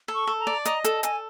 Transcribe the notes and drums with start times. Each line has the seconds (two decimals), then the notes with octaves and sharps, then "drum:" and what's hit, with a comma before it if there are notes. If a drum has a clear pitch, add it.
0.08 A4
0.15 C#6
0.27 A4
0.40 A#5
0.47 D5
0.65 D#5 A#5, drum: hi-hat
0.84 A4 A5, drum: hi-hat
1.03 A4 G#5, drum: hi-hat